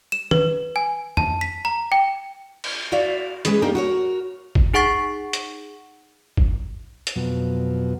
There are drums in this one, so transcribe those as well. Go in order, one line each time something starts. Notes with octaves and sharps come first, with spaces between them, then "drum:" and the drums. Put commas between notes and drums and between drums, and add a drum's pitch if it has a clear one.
E7
B4, drum: tom D#3
G#5
A5, drum: tom F2
B6
A#5
G5
drum: cymbal
F#4 D5 E5 F5
E3 G#3 C#4 G#4 B4, drum: hi-hat
A#3 D4 D#4 G4 A#4
F#4 A#4 C#5
drum: kick
D#4 G#4 F#5 C#6 A6 C7
drum: hi-hat
drum: kick
drum: hi-hat
F2 B2 F#3